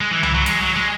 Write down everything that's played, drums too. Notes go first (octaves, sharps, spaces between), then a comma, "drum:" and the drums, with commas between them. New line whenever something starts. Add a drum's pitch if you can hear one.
G#3
E3
E3, drum: tom C2
F#3
G#3, drum: hi-hat
F#3
G#3